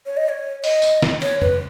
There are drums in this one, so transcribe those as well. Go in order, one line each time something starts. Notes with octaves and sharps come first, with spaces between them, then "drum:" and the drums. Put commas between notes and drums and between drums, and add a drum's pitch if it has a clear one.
C#5
D#5
C#5
D#5, drum: open hi-hat
drum: tambourine
drum: snare
C#5, drum: cymbal
B4, drum: tom F2